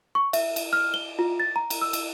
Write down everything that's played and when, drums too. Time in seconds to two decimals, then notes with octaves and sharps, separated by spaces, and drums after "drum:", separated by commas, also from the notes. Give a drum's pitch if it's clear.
0.15 C#6
0.33 E5, drum: cymbal
0.56 drum: cymbal
0.73 F6
0.94 G7
1.19 F4
1.40 A6
1.56 A#5
1.70 drum: cymbal
1.82 E6
1.93 drum: cymbal